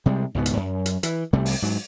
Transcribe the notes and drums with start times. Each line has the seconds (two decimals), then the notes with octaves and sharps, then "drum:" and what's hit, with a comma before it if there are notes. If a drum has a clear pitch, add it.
0.06 C3 G3 G#3
0.35 C#2 G#2 B2 B3
0.46 drum: hi-hat
0.57 F#2
0.86 drum: hi-hat
1.03 E3, drum: hi-hat
1.33 C2 C3 G3 A3
1.46 drum: open hi-hat
1.62 G#2 F#3